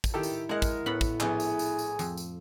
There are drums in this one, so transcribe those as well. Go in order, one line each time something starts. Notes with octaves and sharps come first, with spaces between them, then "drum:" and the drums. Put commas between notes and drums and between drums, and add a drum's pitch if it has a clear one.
drum: kick, tambourine
D#3 E4 G4 A4
drum: tambourine
G#3 G#4 A#4 D#5 F#5
drum: kick, tambourine
A2 B3 F#5 B5
drum: kick, tambourine
A#1 B3 G#4, drum: clap
drum: tambourine
drum: tambourine
drum: tambourine
F2, drum: tambourine
drum: tambourine